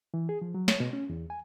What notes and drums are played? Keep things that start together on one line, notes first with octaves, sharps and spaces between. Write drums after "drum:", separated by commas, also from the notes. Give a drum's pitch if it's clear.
E3
G#4
F3
F#3
C#5, drum: snare
B2
C#4
E2
G#5